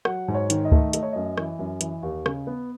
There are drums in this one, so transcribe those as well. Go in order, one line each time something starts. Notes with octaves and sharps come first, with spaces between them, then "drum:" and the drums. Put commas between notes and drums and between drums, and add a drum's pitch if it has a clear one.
F#3 F#5, drum: rim click
G#2
C#5
D#3, drum: hi-hat
D#5
A3, drum: kick C#2
A3 D#5, drum: hi-hat
C#5
F#2 D#5
E3, drum: rim click
F#2
E3, drum: hi-hat
D#2
C#3, drum: rim click
B3